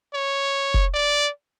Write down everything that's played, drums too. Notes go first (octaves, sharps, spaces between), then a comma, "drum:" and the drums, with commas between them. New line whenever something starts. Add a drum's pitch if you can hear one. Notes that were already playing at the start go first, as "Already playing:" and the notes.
C#5
drum: kick F1
D5